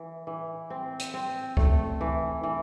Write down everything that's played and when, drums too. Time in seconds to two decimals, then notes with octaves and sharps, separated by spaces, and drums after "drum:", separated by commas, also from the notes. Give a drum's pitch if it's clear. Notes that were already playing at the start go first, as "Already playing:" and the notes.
Already playing: E3
0.27 E3
0.70 C4
0.99 drum: hi-hat
1.14 C4
1.57 A3, drum: kick C#2
2.01 E3
2.44 E3